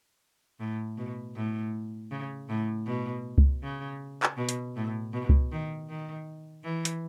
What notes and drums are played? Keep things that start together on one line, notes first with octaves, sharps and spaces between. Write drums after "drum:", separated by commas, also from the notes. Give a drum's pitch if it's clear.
A2
B2
A2
C#3
A2
B2
drum: kick C#2
C#3
drum: clap
B2
drum: hi-hat
A2
B2
drum: kick C#2
D#3
D#3
E3
drum: hi-hat